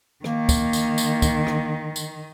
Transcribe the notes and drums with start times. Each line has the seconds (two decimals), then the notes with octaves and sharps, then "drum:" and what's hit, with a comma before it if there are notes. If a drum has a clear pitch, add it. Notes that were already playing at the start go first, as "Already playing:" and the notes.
0.24 D#3 A#3, drum: rim click
0.49 drum: kick, tambourine
0.73 drum: tambourine
0.98 drum: tambourine
1.22 drum: kick, tambourine
1.47 drum: rim click
1.96 drum: tambourine